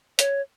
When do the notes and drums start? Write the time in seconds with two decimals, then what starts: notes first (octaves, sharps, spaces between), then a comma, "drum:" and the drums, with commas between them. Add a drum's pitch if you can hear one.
0.19 C#5, drum: hi-hat